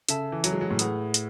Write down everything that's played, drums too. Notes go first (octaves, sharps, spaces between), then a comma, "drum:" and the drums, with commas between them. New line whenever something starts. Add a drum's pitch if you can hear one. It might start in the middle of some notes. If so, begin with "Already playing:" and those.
C#3 A4 E5 A5 E6, drum: hi-hat
E3
F#3, drum: hi-hat
G#3
F#3
A2
G#4 B4 F#5 B5 D#6, drum: hi-hat
drum: hi-hat